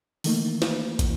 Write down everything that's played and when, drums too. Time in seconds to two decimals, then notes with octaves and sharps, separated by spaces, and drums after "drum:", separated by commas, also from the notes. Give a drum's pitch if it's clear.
0.24 D#3 E3 A3 A#3 D#4, drum: open hi-hat
0.62 drum: snare
0.99 drum: kick, hi-hat